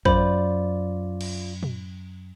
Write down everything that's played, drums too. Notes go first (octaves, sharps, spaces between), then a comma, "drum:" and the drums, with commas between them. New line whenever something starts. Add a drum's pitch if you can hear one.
F#2 F4 C5 D5 B5, drum: kick
drum: cymbal
drum: tom